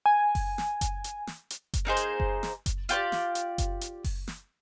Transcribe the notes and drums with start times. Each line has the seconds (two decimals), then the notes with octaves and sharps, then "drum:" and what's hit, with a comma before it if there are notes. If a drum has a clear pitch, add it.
0.06 G#5
0.35 drum: kick F#1, open hi-hat
0.58 drum: snare
0.81 drum: kick F#1, hi-hat
1.04 drum: hi-hat
1.27 drum: snare
1.50 drum: hi-hat
1.74 drum: kick F#1, hi-hat
1.85 A#3 D#4 G#4 C5
1.97 drum: hi-hat
2.20 drum: kick F#1
2.43 drum: snare
2.66 drum: kick F#1, hi-hat
2.89 F4 G4 C#5 D5, drum: hi-hat
3.12 drum: snare
3.35 drum: hi-hat
3.58 drum: kick F#1, hi-hat
3.81 drum: hi-hat
4.04 drum: kick F#1, open hi-hat
4.28 drum: snare